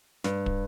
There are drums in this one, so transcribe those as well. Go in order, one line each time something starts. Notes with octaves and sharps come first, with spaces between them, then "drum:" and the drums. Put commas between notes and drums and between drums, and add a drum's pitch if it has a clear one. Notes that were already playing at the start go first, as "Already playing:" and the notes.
G2, drum: snare
drum: kick